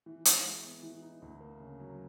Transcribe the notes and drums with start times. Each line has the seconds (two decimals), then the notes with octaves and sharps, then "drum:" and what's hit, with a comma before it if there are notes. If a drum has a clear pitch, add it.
0.06 E3
0.25 D#4, drum: hi-hat
0.45 G#3
0.64 B3
0.83 E3
1.03 D#4
1.22 D2
1.41 A#3
1.60 C#3
1.80 F#3